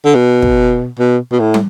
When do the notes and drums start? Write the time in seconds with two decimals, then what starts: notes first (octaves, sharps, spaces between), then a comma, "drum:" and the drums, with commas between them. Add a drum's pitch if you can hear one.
0.05 D3
0.15 B2
0.42 drum: kick
0.99 B2
1.32 B2
1.40 A2
1.54 drum: tom